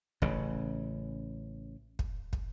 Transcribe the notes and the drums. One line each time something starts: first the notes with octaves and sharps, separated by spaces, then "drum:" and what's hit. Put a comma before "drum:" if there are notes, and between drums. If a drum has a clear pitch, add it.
A1 C#3, drum: kick
drum: kick
drum: kick